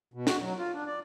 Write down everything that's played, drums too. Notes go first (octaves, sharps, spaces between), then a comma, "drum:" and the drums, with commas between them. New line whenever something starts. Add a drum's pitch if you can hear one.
B2
F#4, drum: snare
F#3
F4
D4
D5